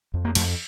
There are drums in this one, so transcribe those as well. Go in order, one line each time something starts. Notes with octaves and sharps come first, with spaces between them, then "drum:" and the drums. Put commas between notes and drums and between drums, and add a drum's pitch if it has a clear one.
F2
A#3
F2 A3, drum: cymbal